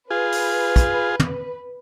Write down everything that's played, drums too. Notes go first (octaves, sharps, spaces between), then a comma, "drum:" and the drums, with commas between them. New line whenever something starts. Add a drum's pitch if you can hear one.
F4 G#4 B4
drum: open hi-hat
drum: kick, hi-hat
drum: tom